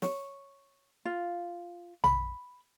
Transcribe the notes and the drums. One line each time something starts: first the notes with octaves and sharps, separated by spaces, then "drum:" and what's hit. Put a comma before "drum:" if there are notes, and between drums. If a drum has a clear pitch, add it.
C#5, drum: snare
F4
B5, drum: tom A#1